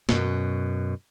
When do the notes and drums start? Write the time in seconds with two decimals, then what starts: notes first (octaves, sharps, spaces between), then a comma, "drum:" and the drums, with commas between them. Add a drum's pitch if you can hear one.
0.09 F#2 B2, drum: snare